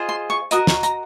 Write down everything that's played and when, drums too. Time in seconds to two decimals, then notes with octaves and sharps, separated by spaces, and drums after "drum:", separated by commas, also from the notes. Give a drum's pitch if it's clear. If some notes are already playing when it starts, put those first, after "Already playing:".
Already playing: F4 G#4 C5 D#5
0.09 C6
0.30 C#6
0.51 F#4 A#4 D#5 D#6, drum: hi-hat
0.67 C#6, drum: snare
0.83 A#5, drum: hi-hat